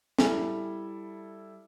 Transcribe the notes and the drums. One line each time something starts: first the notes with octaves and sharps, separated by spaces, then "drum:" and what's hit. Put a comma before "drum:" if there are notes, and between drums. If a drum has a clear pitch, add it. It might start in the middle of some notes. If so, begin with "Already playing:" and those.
G3 E4 A4, drum: snare